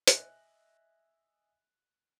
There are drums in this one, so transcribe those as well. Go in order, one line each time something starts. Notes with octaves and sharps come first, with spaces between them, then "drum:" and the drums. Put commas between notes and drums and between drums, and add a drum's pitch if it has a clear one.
D#5 E5 G#5 F#6 A#6, drum: hi-hat